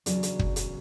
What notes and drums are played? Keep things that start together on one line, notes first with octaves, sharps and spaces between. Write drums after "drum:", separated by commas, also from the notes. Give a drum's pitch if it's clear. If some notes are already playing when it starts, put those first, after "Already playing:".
E2 C#3 F#3 D4, drum: hi-hat
drum: hi-hat
drum: kick
drum: hi-hat